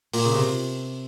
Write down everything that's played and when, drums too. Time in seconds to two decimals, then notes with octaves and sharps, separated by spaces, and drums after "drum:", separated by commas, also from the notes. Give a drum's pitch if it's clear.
0.13 A#2, drum: open hi-hat
0.25 C#3
0.35 C3